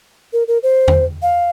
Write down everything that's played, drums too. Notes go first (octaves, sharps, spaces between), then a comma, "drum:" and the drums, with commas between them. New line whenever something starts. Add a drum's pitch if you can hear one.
A#4
A#4
C5
drum: tom E2
F5